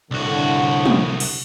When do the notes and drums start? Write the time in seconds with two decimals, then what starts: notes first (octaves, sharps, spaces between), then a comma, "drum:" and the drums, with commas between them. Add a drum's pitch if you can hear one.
0.11 C2 A2 D3 F#4
0.85 drum: tom
1.20 drum: cymbal